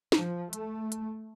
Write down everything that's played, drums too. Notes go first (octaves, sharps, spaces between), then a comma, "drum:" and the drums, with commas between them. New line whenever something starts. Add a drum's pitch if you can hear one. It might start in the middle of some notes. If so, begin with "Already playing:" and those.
F3, drum: snare
A3, drum: hi-hat
drum: hi-hat